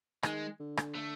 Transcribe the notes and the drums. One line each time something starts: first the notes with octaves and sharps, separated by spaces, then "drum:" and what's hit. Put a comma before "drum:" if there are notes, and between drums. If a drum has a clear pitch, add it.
D#3 G#3, drum: rim click
D3
drum: rim click
A3